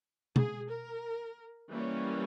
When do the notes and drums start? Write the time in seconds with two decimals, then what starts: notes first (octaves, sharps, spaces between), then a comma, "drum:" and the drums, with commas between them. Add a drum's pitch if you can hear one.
0.36 G#4, drum: tom B2
0.69 A#4
1.70 E3 G3 A#3 C#4